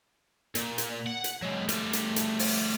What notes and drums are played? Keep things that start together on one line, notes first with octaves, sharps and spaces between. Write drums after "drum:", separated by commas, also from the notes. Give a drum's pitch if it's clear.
A#2, drum: hi-hat
drum: hi-hat
F#5
drum: hi-hat
F#3 G#3
G3 A3, drum: hi-hat
drum: hi-hat
drum: hi-hat
drum: open hi-hat